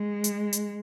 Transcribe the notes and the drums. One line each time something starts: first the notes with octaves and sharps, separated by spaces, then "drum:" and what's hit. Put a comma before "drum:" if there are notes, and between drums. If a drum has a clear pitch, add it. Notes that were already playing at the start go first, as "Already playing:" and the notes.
Already playing: G#3
drum: hi-hat
drum: hi-hat